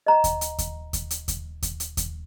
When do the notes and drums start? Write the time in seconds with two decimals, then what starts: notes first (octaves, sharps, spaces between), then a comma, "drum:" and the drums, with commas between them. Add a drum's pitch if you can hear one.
0.06 D#5 A#5
0.24 drum: kick D#2, hi-hat
0.41 drum: hi-hat
0.58 drum: kick D#2, hi-hat
0.93 drum: kick D#2, hi-hat
1.10 drum: hi-hat
1.28 drum: kick D#2, hi-hat
1.62 drum: kick D#2, hi-hat
1.80 drum: hi-hat
1.97 drum: kick D#2, hi-hat